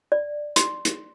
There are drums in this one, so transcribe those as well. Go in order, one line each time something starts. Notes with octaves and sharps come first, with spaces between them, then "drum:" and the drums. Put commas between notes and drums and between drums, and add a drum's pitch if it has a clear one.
D5
C6, drum: hi-hat
drum: hi-hat